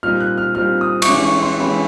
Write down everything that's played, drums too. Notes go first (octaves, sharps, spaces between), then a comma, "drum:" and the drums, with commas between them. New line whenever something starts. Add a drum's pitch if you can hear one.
A#2 G3 C4 D#4 F6
F#6
F6
A#2 G3 C4 D#4 F6
D#6
C#6, drum: cymbal
E3 G#3 C#4 D6
C#6
C6
E3 G#3 C#4 B5